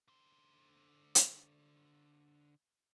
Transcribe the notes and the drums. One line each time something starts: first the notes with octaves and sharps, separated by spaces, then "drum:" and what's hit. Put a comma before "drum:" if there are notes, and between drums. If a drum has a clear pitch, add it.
D3 C5
drum: hi-hat